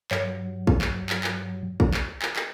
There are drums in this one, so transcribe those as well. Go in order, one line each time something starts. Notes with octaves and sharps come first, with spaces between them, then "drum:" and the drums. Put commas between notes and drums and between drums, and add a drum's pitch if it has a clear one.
G2 F#3, drum: clap
drum: kick
drum: clap
drum: clap
drum: clap
drum: kick
drum: clap
drum: clap
drum: clap